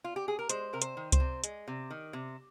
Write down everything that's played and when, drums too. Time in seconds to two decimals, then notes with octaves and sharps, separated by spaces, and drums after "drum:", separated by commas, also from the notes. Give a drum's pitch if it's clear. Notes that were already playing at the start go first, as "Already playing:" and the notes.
0.04 F4
0.16 G4
0.28 G#4
0.39 A#4
0.49 G#3 C5, drum: hi-hat
0.73 C3 A#4
0.82 C5, drum: hi-hat
0.97 D#3
1.12 C5, drum: kick C#2, hi-hat
1.20 C3
1.44 G#3, drum: hi-hat
1.68 C3
1.90 D#3
2.13 C3